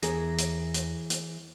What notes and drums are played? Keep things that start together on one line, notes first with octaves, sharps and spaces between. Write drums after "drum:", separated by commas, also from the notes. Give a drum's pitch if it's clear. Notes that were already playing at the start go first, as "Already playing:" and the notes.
E2 E3 G#4 A#4 A#6, drum: hi-hat
drum: hi-hat
drum: hi-hat
drum: hi-hat